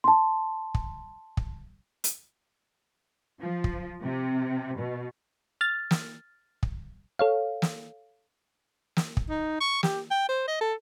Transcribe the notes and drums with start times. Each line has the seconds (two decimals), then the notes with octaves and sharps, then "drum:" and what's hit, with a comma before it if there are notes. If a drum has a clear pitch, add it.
0.04 A5 C6
0.75 drum: kick
1.37 drum: kick
2.04 drum: hi-hat
3.41 F3
3.64 drum: kick
4.02 C3
4.78 B2
5.61 F6 A6
5.91 drum: snare
6.63 drum: kick
7.19 A4 C#5 F5
7.62 drum: snare
8.97 drum: snare
9.17 drum: kick
9.30 D#4
9.60 C#6
9.83 G4, drum: snare
10.11 G5
10.29 C5
10.48 D#5
10.61 A4